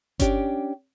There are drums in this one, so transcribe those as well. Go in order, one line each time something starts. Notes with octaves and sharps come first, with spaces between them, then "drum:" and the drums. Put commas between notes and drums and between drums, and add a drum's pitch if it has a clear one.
C#4 D4 G4, drum: kick G1, hi-hat